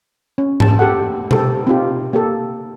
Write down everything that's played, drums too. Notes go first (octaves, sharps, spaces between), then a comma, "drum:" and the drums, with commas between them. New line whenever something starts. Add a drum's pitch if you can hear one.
C#4
A5, drum: tom G#2
G4 A4 F#5
G4 A4 C5, drum: tom B2
C4 D#4 F4 G4
A#3 G4 A4